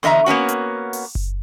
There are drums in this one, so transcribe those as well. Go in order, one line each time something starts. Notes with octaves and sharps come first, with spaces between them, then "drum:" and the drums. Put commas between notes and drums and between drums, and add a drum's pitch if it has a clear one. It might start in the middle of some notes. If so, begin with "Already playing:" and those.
E2 D3 D#5 E5 A#5
A#3 B3 C#4 F#4
drum: hi-hat
drum: open hi-hat
drum: kick F#1